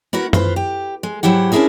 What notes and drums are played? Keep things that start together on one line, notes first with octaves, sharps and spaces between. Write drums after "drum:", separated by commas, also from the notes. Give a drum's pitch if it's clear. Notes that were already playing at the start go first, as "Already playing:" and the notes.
B3 E4 F#4 A#4
F4 B4 C5, drum: tom
G4
G#3
G#2 F#3 E4 G4 F#5
C#4 D4 E4 F4 G#4 A#4